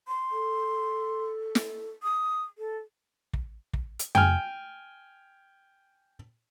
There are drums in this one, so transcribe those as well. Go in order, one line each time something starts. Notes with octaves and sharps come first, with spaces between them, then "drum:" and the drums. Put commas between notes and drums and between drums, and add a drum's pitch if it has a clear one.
C6
A4
drum: snare
D#6
A4
drum: kick
drum: kick
drum: hi-hat
G5 G#5 F6, drum: tom F2